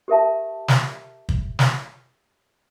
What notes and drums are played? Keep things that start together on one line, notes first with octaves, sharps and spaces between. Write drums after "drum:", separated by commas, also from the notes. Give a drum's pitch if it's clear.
G4 A#4 E5 A5
drum: snare
drum: kick
drum: snare